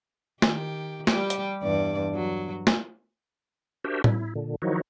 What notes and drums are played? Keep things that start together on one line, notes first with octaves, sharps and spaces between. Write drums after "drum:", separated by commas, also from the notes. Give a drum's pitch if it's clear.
D#3 G4, drum: snare
G3 G4, drum: snare
drum: hi-hat
E2 G2 D5
F#3
drum: snare
D4 F#4 G4 A#4 C5 E5
E4, drum: tom A2
A#2 D3
D#3 F3 F#3 D#4 E4 F#4